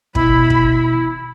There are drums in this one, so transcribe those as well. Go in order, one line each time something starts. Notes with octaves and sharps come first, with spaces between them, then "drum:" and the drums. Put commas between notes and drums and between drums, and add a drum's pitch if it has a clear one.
B2 E4 B5, drum: kick
drum: kick